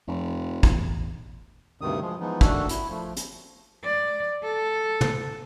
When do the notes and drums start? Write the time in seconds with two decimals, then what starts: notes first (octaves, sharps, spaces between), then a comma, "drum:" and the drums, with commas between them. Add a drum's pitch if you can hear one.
0.08 F1 F2
0.63 B1 E2 A2, drum: kick
1.81 D2 G2 C3 D#3 D#6
2.01 F3 G#3
2.20 E3 F3 G#3 B3 D#4
2.41 D3 D#3 A3 D4 F#4 A4, drum: kick
2.69 E4, drum: hi-hat
2.89 F3 A3
3.16 drum: hi-hat
3.84 D5
4.44 A4
5.01 drum: tom